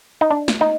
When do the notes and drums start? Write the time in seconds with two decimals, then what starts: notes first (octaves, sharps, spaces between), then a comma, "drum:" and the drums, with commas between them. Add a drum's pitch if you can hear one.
0.21 D#4
0.31 D4
0.48 drum: snare
0.61 D#4